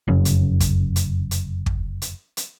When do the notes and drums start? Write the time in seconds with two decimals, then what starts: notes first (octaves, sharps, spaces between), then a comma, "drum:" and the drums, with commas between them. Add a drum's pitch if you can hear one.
0.08 F1 F#2 C#3
0.25 drum: hi-hat
0.60 drum: kick, hi-hat
0.96 drum: hi-hat
1.31 drum: hi-hat
1.66 drum: kick
2.02 drum: hi-hat
2.37 drum: hi-hat